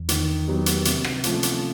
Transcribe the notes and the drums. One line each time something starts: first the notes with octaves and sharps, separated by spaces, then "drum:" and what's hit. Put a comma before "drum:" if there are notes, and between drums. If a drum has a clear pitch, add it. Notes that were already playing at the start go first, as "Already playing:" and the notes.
Already playing: E2
D#3, drum: hi-hat
F#3 B3 D#4 G4
drum: hi-hat
C3, drum: hi-hat
drum: rim click
F3 A3 C#4 F4, drum: hi-hat
drum: hi-hat